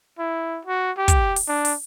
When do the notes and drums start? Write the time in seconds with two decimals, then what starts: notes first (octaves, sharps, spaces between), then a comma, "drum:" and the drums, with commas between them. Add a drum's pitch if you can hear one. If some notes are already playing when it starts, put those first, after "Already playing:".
0.19 E4
0.65 F#4
0.97 G4
1.08 drum: kick, hi-hat
1.36 drum: open hi-hat
1.48 D4
1.65 drum: open hi-hat